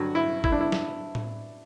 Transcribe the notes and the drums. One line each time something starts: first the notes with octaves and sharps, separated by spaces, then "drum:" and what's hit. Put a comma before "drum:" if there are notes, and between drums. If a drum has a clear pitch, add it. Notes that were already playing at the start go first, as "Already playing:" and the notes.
Already playing: G2 D3 F#3 F#4
E4
E4, drum: kick
D4
E4
drum: snare
drum: tom A2